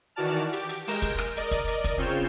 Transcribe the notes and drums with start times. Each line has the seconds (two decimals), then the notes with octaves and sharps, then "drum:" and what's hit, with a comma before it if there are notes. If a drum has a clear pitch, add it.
0.16 D#3 E3 F#4 D5 A5 F6
0.53 G4 D6, drum: hi-hat
0.69 drum: hi-hat
0.87 G#3 A#4 G6 D7, drum: open hi-hat
1.02 drum: kick, hi-hat
1.18 drum: rim click
1.37 A#4 D5 D#5, drum: hi-hat
1.51 drum: kick, hi-hat
1.68 drum: hi-hat
1.84 drum: kick, hi-hat
1.97 C#3 C4 F4 C#5 G6 E7